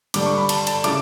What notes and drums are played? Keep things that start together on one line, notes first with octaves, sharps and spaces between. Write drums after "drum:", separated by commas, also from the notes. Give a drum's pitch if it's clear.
G2 D3 G3 D4 D6, drum: cymbal
C#6
B5
A5, drum: cymbal
A5, drum: cymbal
C#3 G3 C#4 E4 D6, drum: cymbal